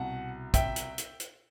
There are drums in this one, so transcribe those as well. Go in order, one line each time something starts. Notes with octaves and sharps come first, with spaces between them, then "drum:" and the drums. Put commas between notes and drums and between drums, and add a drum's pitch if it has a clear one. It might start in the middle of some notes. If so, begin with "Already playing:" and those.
Already playing: C2 B2 F#5 A5
E5 G5, drum: kick, hi-hat
drum: hi-hat
drum: hi-hat
drum: hi-hat